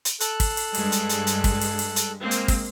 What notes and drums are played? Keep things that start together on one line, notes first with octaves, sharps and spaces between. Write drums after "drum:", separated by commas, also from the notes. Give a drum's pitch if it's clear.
drum: hi-hat
A4 F#6, drum: hi-hat
drum: kick, open hi-hat
drum: open hi-hat
G2 G#3, drum: open hi-hat
drum: hi-hat
drum: hi-hat
drum: hi-hat
drum: kick, open hi-hat
drum: open hi-hat
drum: open hi-hat
drum: hi-hat
G#3 A#3 C4
drum: hi-hat
drum: kick, open hi-hat